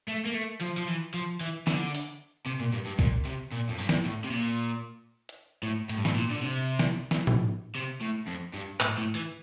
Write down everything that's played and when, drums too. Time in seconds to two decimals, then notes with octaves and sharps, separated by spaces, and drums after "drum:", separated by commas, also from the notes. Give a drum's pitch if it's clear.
0.09 A3
0.27 A#3
0.35 A3
0.61 F3
0.77 F3
0.88 E3
1.14 F3
1.41 E3
1.67 D3, drum: snare
1.95 drum: open hi-hat
2.46 C3
2.60 A#2
2.72 G2
2.86 G2
2.99 A#2, drum: kick
3.25 C3, drum: tambourine
3.52 A#2
3.69 F2
3.78 G2
3.89 drum: snare
4.05 A2
4.24 C3
4.31 A#2
5.29 drum: hi-hat
5.63 A2
5.89 A2, drum: hi-hat
5.98 G2
6.05 A2, drum: snare
6.16 A#2
6.31 D3
6.42 C3
6.79 drum: snare
7.11 drum: snare
7.27 drum: tom A2
7.75 C3
8.01 A2
8.27 F2
8.54 G2
8.80 A2, drum: clap
8.98 A2
9.15 E3